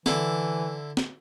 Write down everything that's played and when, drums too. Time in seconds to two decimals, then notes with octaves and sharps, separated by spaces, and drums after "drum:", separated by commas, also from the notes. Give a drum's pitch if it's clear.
0.06 D3 E3 E4 D6, drum: snare
0.97 drum: snare